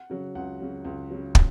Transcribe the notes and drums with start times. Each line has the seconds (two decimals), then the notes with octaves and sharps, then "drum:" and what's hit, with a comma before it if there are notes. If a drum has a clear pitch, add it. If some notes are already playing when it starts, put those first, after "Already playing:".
Already playing: F#5
0.10 C#3 F#3
0.35 C#2 F#5
0.61 C#3 F#3
0.84 C#2
1.11 C#3 F#3
1.35 drum: kick